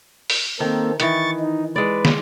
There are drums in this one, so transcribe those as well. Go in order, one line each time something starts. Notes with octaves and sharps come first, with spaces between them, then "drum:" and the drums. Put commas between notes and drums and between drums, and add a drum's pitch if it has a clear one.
drum: open hi-hat
D#3 A#3 C4 A4
D#3 E3 C#6 A6, drum: hi-hat
D#4
G#3 B4 D5
drum: snare